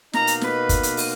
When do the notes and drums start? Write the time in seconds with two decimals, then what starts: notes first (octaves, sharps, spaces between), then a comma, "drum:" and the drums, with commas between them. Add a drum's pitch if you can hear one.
0.13 B2 A#3 D#4 A#5, drum: snare
0.27 drum: hi-hat
0.41 B4, drum: snare
0.69 drum: kick, hi-hat
0.83 drum: hi-hat
0.97 drum: open hi-hat